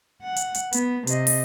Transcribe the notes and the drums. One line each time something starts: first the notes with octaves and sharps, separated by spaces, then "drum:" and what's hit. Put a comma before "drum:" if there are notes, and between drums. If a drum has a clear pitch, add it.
F#5
drum: hi-hat
drum: hi-hat
B3, drum: hi-hat
C3 D#5, drum: hi-hat
drum: open hi-hat